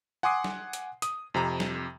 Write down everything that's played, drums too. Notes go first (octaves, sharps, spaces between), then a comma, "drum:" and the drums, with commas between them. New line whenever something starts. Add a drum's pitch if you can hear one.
F#5 G#5 C6 D6 D#6 C7
drum: snare
drum: hi-hat
D#6, drum: hi-hat
F2 C3 A#5
drum: snare